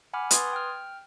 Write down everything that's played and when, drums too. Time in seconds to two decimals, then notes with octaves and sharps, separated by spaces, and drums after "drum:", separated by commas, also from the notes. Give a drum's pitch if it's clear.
0.13 F#5 G#5 B5 D6 F6
0.31 B4 C6 D#6 G#6 A6, drum: hi-hat
0.53 G5 F6